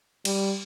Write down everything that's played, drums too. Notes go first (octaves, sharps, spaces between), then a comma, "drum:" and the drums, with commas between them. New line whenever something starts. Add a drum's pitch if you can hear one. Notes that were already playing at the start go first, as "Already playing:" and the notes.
G3, drum: cymbal